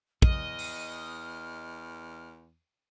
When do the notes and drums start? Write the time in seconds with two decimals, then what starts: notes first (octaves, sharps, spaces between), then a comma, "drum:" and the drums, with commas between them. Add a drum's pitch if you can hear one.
0.22 E2 D#5 F6, drum: kick
0.59 drum: open hi-hat